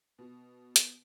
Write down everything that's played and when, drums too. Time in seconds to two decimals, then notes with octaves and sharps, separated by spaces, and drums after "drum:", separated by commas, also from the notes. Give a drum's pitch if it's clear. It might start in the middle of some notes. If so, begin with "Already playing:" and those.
0.19 B2
0.76 drum: hi-hat